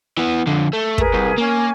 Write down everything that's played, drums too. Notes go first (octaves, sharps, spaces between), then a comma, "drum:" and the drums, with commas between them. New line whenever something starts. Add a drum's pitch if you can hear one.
E3 B3
F2 D3
A3
G#4 A#4 B4, drum: kick
C2
A#3 C#4 G#5